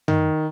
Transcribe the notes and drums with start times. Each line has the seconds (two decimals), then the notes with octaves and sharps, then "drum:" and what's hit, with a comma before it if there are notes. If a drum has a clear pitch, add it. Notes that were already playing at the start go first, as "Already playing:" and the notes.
0.08 D#3, drum: tom F#2